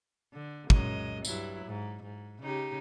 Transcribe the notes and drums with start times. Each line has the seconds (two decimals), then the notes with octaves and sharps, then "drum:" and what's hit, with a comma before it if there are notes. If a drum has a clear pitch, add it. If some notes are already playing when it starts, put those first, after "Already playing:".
0.34 D3
0.70 F#2 G#3 D#5, drum: kick
1.25 G2 F#3 E4, drum: tambourine
1.65 G#2
2.03 G#2
2.42 C#3 D#4 G4